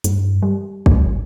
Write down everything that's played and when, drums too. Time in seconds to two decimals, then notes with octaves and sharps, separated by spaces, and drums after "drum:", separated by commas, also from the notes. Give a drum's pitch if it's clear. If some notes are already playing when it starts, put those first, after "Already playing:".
0.04 G2, drum: hi-hat
0.42 G3
0.86 drum: kick A1
1.06 G#1